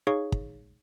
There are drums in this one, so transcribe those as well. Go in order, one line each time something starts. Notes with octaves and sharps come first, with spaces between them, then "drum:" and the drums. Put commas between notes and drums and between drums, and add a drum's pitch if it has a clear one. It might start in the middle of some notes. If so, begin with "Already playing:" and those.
D#4 G#4 C#5 F5 C#6
drum: kick